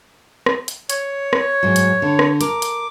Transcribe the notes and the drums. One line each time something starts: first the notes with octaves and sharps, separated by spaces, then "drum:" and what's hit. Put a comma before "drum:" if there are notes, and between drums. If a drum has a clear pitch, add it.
drum: rim click
drum: hi-hat
C#5, drum: hi-hat
drum: rim click
G#2 F#3
drum: hi-hat
D3
drum: rim click
A#4 D6, drum: hi-hat
drum: hi-hat